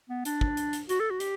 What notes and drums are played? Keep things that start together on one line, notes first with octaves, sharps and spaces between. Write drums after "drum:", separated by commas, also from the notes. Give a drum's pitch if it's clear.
B3
D4, drum: hi-hat
drum: kick
drum: hi-hat
drum: hi-hat
F#4, drum: hi-hat
A4
F#4
G4, drum: hi-hat